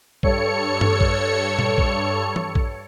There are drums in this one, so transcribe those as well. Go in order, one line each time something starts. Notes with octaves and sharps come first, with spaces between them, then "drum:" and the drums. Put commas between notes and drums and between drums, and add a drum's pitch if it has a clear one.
G2 A4 C#5 C#7, drum: kick A#1
drum: tom G2
drum: kick A#1
drum: tom A#2
drum: kick A#1
drum: tom
drum: kick A#1